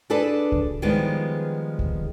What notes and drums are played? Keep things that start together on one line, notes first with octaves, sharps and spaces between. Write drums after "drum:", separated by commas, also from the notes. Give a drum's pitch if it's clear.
D4 F#4 G#4 A4 B4 D5
drum: kick C#2
D#3 F3 G3 G#3 B3
drum: kick C#2